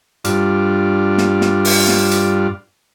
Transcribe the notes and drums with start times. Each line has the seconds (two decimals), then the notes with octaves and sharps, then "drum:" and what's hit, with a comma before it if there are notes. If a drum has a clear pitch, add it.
0.24 G2 D4 F4, drum: hi-hat
1.18 drum: snare
1.41 drum: snare
1.65 drum: open hi-hat
1.88 drum: snare
2.11 drum: hi-hat